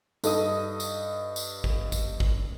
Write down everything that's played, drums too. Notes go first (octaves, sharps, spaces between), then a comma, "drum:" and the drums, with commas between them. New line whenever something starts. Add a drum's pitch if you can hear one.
G2 D#4 A4 D#5 D#6, drum: tambourine
drum: tambourine
drum: tambourine
drum: kick G#1
drum: kick G#1, tambourine
drum: kick G#1